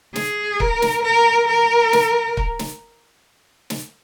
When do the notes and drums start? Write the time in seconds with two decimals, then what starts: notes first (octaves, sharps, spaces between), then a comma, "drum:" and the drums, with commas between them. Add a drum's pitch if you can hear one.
0.16 G#4, drum: snare
0.60 A#4, drum: kick
0.82 drum: snare
1.04 A#4
1.48 A#4
1.93 drum: snare
2.37 drum: kick
2.59 drum: snare
3.70 drum: snare